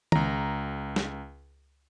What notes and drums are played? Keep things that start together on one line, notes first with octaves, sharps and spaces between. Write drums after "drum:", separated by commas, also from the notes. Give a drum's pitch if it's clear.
C#2 A#5, drum: tom
drum: snare